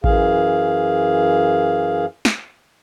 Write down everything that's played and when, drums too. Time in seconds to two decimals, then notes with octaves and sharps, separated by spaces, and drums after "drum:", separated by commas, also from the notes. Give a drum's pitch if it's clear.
0.04 F#2 E3 G#4 F5, drum: kick A1
2.25 drum: snare